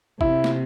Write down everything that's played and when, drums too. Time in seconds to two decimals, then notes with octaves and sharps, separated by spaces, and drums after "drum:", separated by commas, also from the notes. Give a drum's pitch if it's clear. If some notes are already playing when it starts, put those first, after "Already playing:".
0.21 C3 E4, drum: kick G#1
0.44 drum: snare